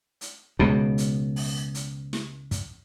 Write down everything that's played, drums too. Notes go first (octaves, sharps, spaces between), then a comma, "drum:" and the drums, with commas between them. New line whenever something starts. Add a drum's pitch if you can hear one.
drum: hi-hat
C#2 B2
drum: hi-hat
drum: open hi-hat
drum: hi-hat
drum: snare
drum: kick, hi-hat